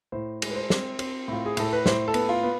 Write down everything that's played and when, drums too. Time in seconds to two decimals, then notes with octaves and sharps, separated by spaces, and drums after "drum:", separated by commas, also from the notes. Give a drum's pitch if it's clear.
0.12 A2 C5
0.42 G#3, drum: cymbal
0.50 B4
0.55 C5
0.70 C4, drum: snare
0.99 C4, drum: cymbal
1.28 A2 F4
1.45 G#4
1.57 A2 A4, drum: cymbal
1.73 B4
1.86 A2 C5, drum: snare
2.08 A4
2.14 B3, drum: cymbal
2.29 F4
2.43 B3